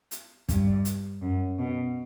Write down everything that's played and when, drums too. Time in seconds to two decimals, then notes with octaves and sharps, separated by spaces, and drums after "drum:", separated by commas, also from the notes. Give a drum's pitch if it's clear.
0.11 drum: hi-hat
0.49 G2, drum: kick, hi-hat
0.85 drum: hi-hat
1.21 F#2
1.59 B2